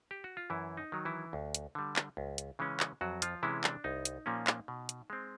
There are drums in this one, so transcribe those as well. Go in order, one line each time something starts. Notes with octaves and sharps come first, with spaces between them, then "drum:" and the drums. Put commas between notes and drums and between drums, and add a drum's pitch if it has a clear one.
G4
F#4
F4
F#2 E3 E4
D#4
D#3 F#3
E3 E4
D2
drum: hi-hat
D3 G3
drum: clap
C#2
drum: hi-hat
C#3 E3 G#3 C#4
drum: clap
F2 F#3 F#4
F3 F4, drum: hi-hat
C3 E3 G#3 C#4 E4
D4, drum: clap
C2 D#4
drum: hi-hat
A#2 F3 A#3 C#4
drum: clap
B2
drum: hi-hat
G#3 C4